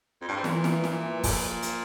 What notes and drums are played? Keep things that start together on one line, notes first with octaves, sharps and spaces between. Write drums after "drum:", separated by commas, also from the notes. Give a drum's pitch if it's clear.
F2
G2
G#2
A#2 E3, drum: snare
drum: snare
drum: snare
F3, drum: kick, open hi-hat
drum: hi-hat